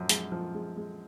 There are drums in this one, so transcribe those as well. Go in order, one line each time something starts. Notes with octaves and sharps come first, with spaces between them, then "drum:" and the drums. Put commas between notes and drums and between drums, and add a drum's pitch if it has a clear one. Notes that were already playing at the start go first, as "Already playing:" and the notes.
Already playing: F#2 F3
G#3, drum: hi-hat
F3
G#3
G#3